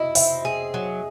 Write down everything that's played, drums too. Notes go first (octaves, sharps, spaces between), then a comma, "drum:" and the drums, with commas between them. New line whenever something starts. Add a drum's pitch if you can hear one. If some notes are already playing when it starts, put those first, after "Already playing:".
Already playing: E4 D#5
C4 E5, drum: open hi-hat
G#4
F#3